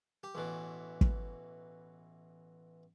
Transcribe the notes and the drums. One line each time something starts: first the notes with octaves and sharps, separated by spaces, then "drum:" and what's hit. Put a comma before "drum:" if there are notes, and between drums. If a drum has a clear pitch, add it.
G4
A1 B2 E3
drum: kick